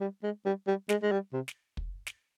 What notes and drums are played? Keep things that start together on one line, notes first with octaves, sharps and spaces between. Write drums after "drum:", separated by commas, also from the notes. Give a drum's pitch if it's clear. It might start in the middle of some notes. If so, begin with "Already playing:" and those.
G3
G#3
G3
G3
G#3, drum: snare
G#3
G3
C3
drum: snare
drum: kick
drum: snare